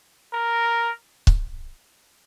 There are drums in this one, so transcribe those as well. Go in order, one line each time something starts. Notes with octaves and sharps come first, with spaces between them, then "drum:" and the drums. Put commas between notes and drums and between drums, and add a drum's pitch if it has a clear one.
A#4
drum: kick C#1